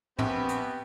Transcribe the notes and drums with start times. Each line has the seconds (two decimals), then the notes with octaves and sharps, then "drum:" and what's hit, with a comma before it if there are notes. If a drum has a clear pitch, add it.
0.19 A#1 B3 C4 G4 B4, drum: tom
0.49 drum: hi-hat